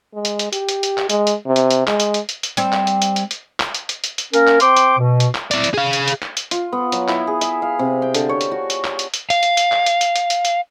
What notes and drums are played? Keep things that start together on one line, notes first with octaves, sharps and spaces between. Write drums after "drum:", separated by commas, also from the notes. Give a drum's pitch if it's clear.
G#3
drum: hi-hat
drum: hi-hat
G4, drum: hi-hat
drum: hi-hat
drum: hi-hat
drum: clap
G#3, drum: hi-hat
drum: hi-hat
C3
drum: hi-hat
drum: hi-hat
G#3, drum: clap
drum: hi-hat
drum: hi-hat
drum: hi-hat
drum: hi-hat
G3 C4, drum: hi-hat
drum: clap
drum: hi-hat
drum: hi-hat
drum: hi-hat
drum: hi-hat
drum: clap
drum: hi-hat
drum: hi-hat
drum: hi-hat
drum: hi-hat
A#3 C#4 A#4, drum: hi-hat
drum: clap
C4 G5 C6 D6, drum: hi-hat
drum: hi-hat
B2
drum: hi-hat
drum: clap
E4 D5, drum: hi-hat
drum: hi-hat
G#4 F5
drum: hi-hat
drum: hi-hat
drum: clap
drum: hi-hat
F4, drum: hi-hat
B3
F#3, drum: hi-hat
E4, drum: clap
G#4
E5, drum: hi-hat
F5
C3
G5
D3, drum: hi-hat
C#5
drum: hi-hat
F#4
drum: hi-hat
drum: clap
drum: hi-hat
drum: hi-hat
F5, drum: hi-hat
drum: hi-hat
drum: hi-hat
drum: clap
drum: hi-hat
drum: hi-hat
drum: hi-hat
drum: hi-hat
drum: hi-hat